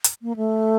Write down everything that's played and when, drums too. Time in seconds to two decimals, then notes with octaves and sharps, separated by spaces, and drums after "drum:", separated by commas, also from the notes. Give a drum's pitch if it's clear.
0.04 drum: hi-hat
0.22 A#3
0.36 A3